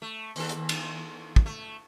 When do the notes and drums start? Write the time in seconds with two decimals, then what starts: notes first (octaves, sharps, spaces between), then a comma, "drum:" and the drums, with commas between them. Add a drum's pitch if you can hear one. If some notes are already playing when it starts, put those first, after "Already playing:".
0.02 A3
0.36 D#2 A4, drum: open hi-hat
0.49 drum: hi-hat
0.69 drum: cymbal
1.36 drum: kick
1.46 A3